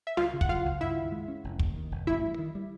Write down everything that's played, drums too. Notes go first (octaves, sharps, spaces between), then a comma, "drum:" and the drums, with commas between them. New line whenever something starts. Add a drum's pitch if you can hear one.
E5
C#2 F4 F5, drum: snare
C#3
F#5, drum: kick
F#3 F4 F5
C#2
G2 E4 E5
D#3
G#3
C#4
F1
D#2, drum: kick
D#3
F1
A1 E4 E5
G2
D#3
G3